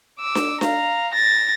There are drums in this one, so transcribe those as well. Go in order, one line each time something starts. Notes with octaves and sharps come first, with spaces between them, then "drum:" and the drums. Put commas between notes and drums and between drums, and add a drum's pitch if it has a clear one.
D6 E6
drum: snare D4
F5 A#5, drum: snare D4
A6 A#6